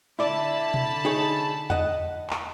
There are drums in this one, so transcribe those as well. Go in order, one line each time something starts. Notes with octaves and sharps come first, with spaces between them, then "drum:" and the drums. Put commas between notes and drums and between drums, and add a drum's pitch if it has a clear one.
D3 E4 D5 A5 B5
drum: tom B2
D#4 G#4 C#5
D#5 F#5, drum: tom E2
drum: clap